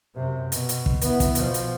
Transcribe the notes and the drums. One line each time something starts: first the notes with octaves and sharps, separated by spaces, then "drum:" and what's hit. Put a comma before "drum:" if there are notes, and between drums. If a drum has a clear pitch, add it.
F#2 C3
B2, drum: hi-hat
drum: hi-hat
drum: kick
B3 E4, drum: hi-hat
drum: kick, hi-hat
B2 F3, drum: hi-hat
drum: hi-hat